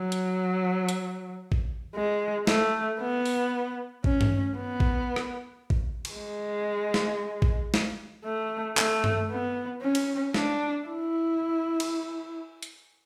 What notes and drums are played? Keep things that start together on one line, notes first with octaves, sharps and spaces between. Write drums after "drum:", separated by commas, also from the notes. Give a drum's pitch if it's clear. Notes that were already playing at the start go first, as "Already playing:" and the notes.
Already playing: F#3
drum: hi-hat
drum: hi-hat
drum: kick A1
G#3
A3, drum: snare
B3
drum: open hi-hat
C#4, drum: kick A1
drum: tom G2
B3
drum: kick A1
drum: rim click
drum: kick A1
drum: cymbal
G#3
drum: snare
drum: kick A1
drum: snare
A3
A3, drum: clap
drum: tom G2
B3
C#4
drum: cymbal
D4, drum: snare
E4
drum: cymbal
drum: hi-hat